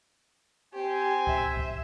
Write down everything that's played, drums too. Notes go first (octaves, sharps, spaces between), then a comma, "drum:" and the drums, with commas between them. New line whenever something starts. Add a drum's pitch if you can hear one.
C4 G4 C5 G#5
E5, drum: kick C#2
drum: kick C#2